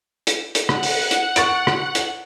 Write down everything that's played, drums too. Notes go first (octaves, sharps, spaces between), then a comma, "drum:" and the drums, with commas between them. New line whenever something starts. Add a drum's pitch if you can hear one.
drum: hi-hat
drum: hi-hat
F#5, drum: rim click
drum: open hi-hat
drum: hi-hat
C#6 A6 D7, drum: hi-hat
drum: rim click
drum: hi-hat